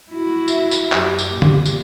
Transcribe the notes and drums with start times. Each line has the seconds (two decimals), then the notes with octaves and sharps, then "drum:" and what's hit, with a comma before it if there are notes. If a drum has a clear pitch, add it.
0.10 E4 F#4
0.48 E5, drum: tambourine
0.71 drum: tambourine
0.92 F#2 G4, drum: clap
1.18 drum: tambourine
1.31 A#2
1.42 drum: tom
1.66 drum: tambourine